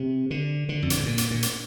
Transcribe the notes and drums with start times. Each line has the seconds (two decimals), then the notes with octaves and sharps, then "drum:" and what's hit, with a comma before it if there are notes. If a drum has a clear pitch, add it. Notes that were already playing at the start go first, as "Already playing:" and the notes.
Already playing: C3
0.31 D3
0.69 D3
0.82 F2
0.90 G2, drum: hi-hat
0.97 G#2
1.06 A#2
1.18 drum: hi-hat
1.31 A#2
1.43 drum: hi-hat